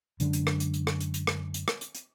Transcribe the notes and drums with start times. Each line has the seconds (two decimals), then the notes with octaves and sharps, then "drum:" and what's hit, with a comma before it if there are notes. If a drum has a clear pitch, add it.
0.20 F#2 D3 G#3 D4, drum: hi-hat
0.33 drum: hi-hat
0.47 drum: rim click
0.60 drum: hi-hat
0.74 drum: hi-hat
0.87 drum: rim click
1.00 drum: hi-hat
1.14 drum: hi-hat
1.27 drum: rim click
1.54 drum: hi-hat
1.68 drum: rim click
1.81 drum: hi-hat
1.95 drum: hi-hat